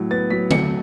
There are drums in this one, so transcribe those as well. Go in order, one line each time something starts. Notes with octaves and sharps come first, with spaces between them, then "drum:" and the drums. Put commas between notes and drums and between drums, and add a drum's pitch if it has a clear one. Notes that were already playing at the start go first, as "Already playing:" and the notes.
Already playing: A2 F#3
B3 A6
F#3 B6
A3 C#7, drum: tom D3